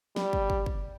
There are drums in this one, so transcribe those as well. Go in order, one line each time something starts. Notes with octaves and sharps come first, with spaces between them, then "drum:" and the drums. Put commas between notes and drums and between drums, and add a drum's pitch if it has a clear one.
G3, drum: snare
drum: kick
drum: kick
drum: kick